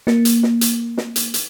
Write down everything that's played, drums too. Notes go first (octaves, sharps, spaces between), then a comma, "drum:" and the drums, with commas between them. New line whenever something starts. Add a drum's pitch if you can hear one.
A#3, drum: snare
drum: hi-hat
drum: snare
drum: hi-hat
drum: snare
drum: hi-hat
drum: hi-hat